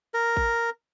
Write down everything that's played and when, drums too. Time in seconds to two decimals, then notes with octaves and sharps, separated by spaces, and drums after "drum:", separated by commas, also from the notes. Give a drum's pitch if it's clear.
0.14 A#4
0.36 drum: kick A1